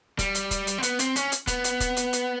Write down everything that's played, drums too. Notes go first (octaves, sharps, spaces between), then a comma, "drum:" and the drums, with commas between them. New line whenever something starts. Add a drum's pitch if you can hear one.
G3, drum: kick, hi-hat
drum: hi-hat
drum: kick, hi-hat
drum: hi-hat
C4
B3, drum: hi-hat
C4, drum: hi-hat
C#4, drum: hi-hat
drum: hi-hat
B3, drum: kick, hi-hat
drum: hi-hat
drum: kick, hi-hat
drum: hi-hat
drum: hi-hat